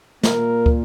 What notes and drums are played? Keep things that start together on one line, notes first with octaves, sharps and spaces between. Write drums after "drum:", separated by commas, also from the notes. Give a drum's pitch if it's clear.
A#2 A#3 A#4, drum: snare
drum: kick